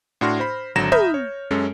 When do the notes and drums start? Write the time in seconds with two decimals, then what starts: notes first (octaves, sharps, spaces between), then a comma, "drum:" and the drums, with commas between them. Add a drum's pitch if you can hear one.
0.21 A2 D4 F#4 C6 F6 A#6
0.40 C5 B5
0.75 G#1 D3 F#3 A#5 A#6 E7
0.92 E5 A#5 B5 D#6 F6 G6, drum: tom
1.14 C#5
1.51 F#2 G#3 C#4 A4